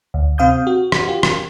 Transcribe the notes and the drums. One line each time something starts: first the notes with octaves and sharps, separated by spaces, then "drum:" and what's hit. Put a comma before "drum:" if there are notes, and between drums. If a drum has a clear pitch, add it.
D2
C3 C4 F5 D#6 G6
F#4
drum: rim click
F4 G4
drum: rim click